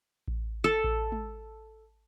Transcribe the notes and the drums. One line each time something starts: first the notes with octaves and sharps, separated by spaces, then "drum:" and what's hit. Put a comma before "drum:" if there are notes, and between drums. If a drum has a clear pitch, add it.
drum: kick A1
A4
drum: kick A1
drum: tom G#3